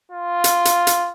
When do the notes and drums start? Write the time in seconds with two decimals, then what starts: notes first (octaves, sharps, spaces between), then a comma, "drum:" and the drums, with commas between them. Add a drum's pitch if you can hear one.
0.12 F4
0.44 drum: hi-hat
0.65 drum: hi-hat
0.87 drum: hi-hat